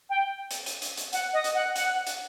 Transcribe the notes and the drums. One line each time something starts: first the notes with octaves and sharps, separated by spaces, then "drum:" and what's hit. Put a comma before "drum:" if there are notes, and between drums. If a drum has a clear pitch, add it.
G5
drum: hi-hat
drum: hi-hat
drum: hi-hat
drum: hi-hat
F#5, drum: hi-hat
D#5
drum: hi-hat
F#5
F#5, drum: hi-hat
drum: hi-hat